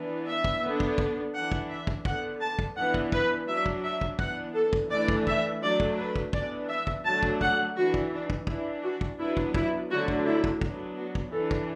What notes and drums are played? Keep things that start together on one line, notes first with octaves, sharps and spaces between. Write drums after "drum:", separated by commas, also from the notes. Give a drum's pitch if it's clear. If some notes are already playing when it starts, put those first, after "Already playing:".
Already playing: E3 B3 D4
E5
drum: kick
D3 B3 D4
drum: kick
drum: kick
E3 D4 F#5
drum: kick
E5
drum: kick
D3 B3 D4 F#5, drum: kick
A5
drum: kick
E3 B3 D4 F#5
drum: kick
B4, drum: kick
F#3 D4 E5
drum: kick
E5
drum: kick
E3 B3 D4 F#5, drum: kick
A4
drum: kick
E3 A3 D4 D5
drum: kick
E5, drum: kick
F#3 A3 D4 D5
drum: kick
B4
drum: kick
E3 B3 D4 D5, drum: kick
E5
drum: kick
D3 F#3 A3 D4 A5
drum: kick
F#5, drum: kick
E3 D4 F#4
drum: kick
D4
drum: kick
E3 D4 E4, drum: kick
F#4
drum: kick
F#3 B3 D4 E4
drum: kick
E4, drum: kick
D3 F#3 A3 D4 F#4
drum: kick
E4
drum: kick
F#3 B3 D4, drum: kick
F#4
drum: kick
E3 D4 A4
drum: kick